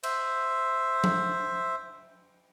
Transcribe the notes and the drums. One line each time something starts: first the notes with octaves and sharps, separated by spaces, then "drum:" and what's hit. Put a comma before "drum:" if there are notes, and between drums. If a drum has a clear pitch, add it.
C5 E5, drum: cymbal
drum: tom F3